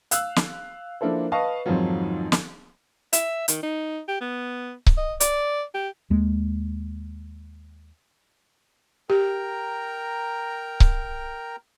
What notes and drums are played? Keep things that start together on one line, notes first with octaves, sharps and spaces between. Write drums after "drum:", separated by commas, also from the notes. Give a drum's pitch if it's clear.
F5 E6 F#6, drum: hi-hat
drum: snare
F3 A#3 D4 E4 A4 C5
B4 D#5 F5 A5 C#6
F2 G#2 D#3 F3 F#3
drum: snare
E5, drum: hi-hat
D#3, drum: hi-hat
D#4
G4
B3
drum: kick C#1
D#5
D5, drum: hi-hat
G4
D#2 G#3 A#3
G4 A#4 G5 A#5
drum: kick C#1